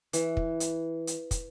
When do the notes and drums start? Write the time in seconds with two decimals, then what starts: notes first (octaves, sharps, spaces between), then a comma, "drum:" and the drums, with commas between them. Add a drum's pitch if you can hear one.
0.13 E3, drum: hi-hat
0.37 drum: kick
0.60 drum: hi-hat
1.07 drum: hi-hat
1.31 drum: kick, hi-hat